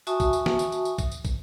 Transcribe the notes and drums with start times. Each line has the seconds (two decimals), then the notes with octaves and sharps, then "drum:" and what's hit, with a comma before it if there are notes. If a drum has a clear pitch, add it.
0.07 F#4 E5 G#5 A5 C#6 D#6, drum: tambourine
0.20 drum: kick, tambourine
0.33 drum: tambourine
0.46 drum: snare
0.59 drum: tambourine
0.72 drum: tambourine
0.85 drum: tambourine
0.98 drum: kick, tambourine
1.12 drum: tambourine
1.25 drum: kick, tambourine